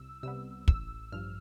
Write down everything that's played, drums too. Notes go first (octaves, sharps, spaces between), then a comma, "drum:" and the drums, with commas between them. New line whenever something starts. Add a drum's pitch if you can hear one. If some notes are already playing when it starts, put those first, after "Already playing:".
Already playing: C2 E6
C3 G3 B3 E6
A1 E6, drum: kick
G2 F3 F6